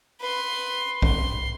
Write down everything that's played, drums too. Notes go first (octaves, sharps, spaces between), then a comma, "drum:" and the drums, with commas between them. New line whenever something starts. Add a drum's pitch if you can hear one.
B4 C6
C6, drum: kick B1